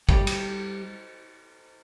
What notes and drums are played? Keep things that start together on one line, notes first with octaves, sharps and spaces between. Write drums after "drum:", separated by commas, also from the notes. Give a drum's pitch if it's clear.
G3, drum: kick
drum: cymbal